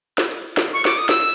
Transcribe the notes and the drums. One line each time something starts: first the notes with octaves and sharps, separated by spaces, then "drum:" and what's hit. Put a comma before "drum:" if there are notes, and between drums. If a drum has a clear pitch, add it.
drum: snare
drum: cymbal
drum: snare
C#6
D6, drum: snare
D#6
E6, drum: snare